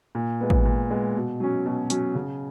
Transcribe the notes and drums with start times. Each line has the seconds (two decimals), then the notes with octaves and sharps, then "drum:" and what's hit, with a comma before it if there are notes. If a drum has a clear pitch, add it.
0.15 A#2
0.41 G#3 B3
0.50 drum: kick
0.65 A#2
0.90 G#3 B3
1.16 B2
1.40 F#3 C#4
1.66 B2
1.90 F#3 C#4, drum: hi-hat
2.15 C#3